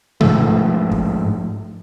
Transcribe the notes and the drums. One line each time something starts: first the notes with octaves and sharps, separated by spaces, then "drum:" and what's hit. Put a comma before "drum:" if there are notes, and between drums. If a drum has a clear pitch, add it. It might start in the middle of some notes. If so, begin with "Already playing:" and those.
G#2 F3 A3, drum: tom B2
drum: kick